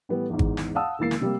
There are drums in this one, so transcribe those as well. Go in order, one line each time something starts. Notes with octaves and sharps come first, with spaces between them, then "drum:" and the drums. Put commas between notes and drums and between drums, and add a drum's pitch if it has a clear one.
A2 E3 G3 B3
E2 G#2
drum: kick G#1
drum: snare
F5 F#5 A5 D#6 E6
E1 E3 A#3 A6 C7
drum: snare
C3 G3 A#3